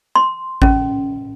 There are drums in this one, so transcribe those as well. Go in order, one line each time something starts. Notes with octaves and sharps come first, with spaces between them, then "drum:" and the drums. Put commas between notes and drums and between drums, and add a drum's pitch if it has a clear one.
C6
C#4, drum: kick A1